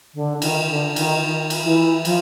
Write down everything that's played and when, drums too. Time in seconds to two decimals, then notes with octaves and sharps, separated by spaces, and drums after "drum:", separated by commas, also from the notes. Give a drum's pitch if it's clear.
0.14 D3
0.42 D#3, drum: cymbal
0.69 D3
0.96 D#3, drum: cymbal
1.23 D#3
1.50 drum: cymbal
1.63 E3
2.05 F3, drum: cymbal